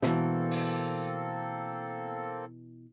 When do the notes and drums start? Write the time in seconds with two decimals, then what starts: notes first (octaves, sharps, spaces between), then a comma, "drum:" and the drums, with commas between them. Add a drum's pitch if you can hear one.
0.02 B2 E3 A#3 C4 A4, drum: snare
0.51 drum: open hi-hat